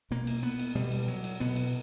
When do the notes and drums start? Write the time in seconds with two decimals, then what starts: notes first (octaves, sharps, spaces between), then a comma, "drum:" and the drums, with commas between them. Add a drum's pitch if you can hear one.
0.11 B2 A#3
0.27 drum: cymbal
0.43 B3
0.60 drum: cymbal
0.75 B2 G3
0.92 drum: cymbal
1.08 F#3
1.24 drum: cymbal
1.40 B2 B3
1.56 drum: cymbal